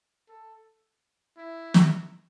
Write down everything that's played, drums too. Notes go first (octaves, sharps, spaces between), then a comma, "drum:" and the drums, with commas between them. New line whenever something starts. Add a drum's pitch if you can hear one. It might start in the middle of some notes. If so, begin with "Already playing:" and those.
A4
E4
drum: snare